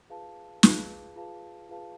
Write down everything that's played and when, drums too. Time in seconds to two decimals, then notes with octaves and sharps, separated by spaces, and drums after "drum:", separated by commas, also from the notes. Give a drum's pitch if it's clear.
0.10 F4 G#4 B4 F5 A5
0.63 F4 G#4 B4 F5 A5, drum: snare
1.16 F4 G#4 B4 F5 A5
1.69 F4 G#4 B4 F5 A5